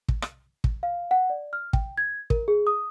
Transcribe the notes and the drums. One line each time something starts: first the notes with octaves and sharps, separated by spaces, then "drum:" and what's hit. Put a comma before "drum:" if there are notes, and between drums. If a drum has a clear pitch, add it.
drum: kick
drum: rim click
drum: kick
F5
F#5
D5
F6
G5, drum: kick
G#6
A#4, drum: kick
G#4
D#6